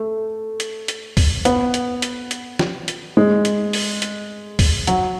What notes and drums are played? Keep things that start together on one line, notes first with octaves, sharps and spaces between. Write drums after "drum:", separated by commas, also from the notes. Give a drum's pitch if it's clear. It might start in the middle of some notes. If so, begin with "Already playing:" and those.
Already playing: A3
drum: hi-hat
drum: hi-hat
drum: kick, open hi-hat
B3, drum: hi-hat
drum: hi-hat
drum: hi-hat
drum: hi-hat
drum: snare
drum: hi-hat
G#3
drum: hi-hat
drum: open hi-hat
drum: hi-hat
drum: kick, open hi-hat
F#3, drum: hi-hat